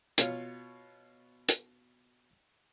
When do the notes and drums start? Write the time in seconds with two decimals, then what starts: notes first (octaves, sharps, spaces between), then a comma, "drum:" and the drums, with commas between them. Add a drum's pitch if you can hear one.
0.18 B2 F4 C#5 F5, drum: hi-hat
1.49 drum: hi-hat